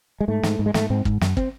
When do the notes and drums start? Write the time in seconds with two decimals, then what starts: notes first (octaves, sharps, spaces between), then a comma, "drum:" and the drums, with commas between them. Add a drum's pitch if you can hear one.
0.21 G#3
0.28 G#2 A3
0.43 G#2, drum: snare
0.59 G#2
0.66 G#3
0.74 G#2 A3, drum: snare
0.90 G#2 C4
1.05 G#2, drum: kick
1.21 F#2, drum: snare
1.37 C4, drum: kick